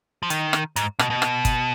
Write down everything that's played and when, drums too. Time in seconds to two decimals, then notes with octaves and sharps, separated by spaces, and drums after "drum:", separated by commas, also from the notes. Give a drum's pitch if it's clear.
0.23 F3
0.30 D#3, drum: hi-hat
0.53 drum: rim click
0.76 G#2, drum: hi-hat
0.99 B2, drum: rim click
1.10 B2
1.22 drum: rim click
1.45 drum: kick G1, hi-hat